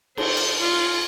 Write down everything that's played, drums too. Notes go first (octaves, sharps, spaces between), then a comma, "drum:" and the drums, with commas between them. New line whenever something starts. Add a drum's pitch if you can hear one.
C5, drum: cymbal
drum: cymbal
F4